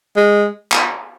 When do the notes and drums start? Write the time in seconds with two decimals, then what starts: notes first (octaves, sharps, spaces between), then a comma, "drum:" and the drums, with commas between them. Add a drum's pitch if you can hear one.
0.17 G#3
0.72 drum: clap